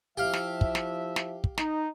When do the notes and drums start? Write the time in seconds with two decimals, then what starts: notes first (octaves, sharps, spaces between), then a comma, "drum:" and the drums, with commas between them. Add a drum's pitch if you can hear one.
0.17 F3 E4 G4 E5 F5
0.33 drum: snare
0.61 drum: kick
0.75 drum: snare
1.16 drum: snare
1.44 drum: kick
1.58 D#4, drum: snare